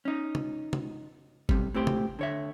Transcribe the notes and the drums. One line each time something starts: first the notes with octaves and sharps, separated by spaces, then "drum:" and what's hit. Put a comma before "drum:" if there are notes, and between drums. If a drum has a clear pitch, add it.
C#4 D#4
drum: tom
drum: tom
B1 C3 G3, drum: kick G1
A2 C4 G4 C5
drum: tom
D3 C#5 E5